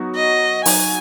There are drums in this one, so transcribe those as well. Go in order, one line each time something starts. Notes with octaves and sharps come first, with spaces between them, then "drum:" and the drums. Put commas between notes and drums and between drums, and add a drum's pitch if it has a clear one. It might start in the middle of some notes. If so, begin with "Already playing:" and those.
Already playing: F#3 B3 D#4 F#4
D#5
F#3 D#4 F#4 G#5, drum: open hi-hat